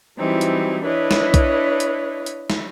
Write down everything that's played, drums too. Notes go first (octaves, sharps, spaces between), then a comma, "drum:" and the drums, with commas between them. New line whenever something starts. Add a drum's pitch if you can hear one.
E3 F#3 G3 C4 D#4 E4
drum: hi-hat
D4 E4 B4 C#5 D#5
drum: snare
drum: kick B1, hi-hat
drum: hi-hat
drum: hi-hat
drum: snare